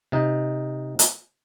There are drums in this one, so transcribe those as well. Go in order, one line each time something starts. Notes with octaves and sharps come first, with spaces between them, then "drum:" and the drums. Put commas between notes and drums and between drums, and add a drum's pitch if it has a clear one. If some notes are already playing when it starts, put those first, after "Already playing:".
C3 D#4
drum: hi-hat